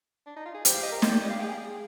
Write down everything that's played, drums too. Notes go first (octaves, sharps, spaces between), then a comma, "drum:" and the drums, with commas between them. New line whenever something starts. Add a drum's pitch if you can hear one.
D4
D#4
F4
G#4
G4 C5, drum: hi-hat
F5
D#5
A#4
drum: snare
D5
D#5
F5
G#4 G5
G5